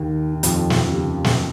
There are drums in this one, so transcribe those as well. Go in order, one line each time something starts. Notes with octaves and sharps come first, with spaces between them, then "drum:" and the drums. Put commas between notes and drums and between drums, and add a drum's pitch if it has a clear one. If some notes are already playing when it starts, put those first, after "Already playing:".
Already playing: D#2 D#3
D#3
F2 F3, drum: hi-hat
drum: snare
C#3
C3
C#3
drum: snare